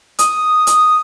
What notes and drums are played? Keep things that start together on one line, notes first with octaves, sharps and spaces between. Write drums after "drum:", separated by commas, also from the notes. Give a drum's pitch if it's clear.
D#6, drum: hi-hat
drum: hi-hat